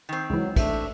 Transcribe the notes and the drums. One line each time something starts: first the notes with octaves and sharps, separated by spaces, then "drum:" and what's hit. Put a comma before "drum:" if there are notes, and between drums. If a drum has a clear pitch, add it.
D#3 C4
C#2 E3 F#3
A3 D4 E5, drum: kick, cymbal